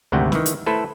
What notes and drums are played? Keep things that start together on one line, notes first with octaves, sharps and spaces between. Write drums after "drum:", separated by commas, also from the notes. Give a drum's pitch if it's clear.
G#1 D2 G#2 C3 F#5 G5
D#3 E3, drum: snare
drum: hi-hat
A3 E4 A4 B4 C5